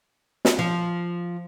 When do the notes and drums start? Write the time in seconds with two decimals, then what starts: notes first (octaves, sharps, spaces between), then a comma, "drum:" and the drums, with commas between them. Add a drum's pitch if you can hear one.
0.45 drum: snare
0.59 F3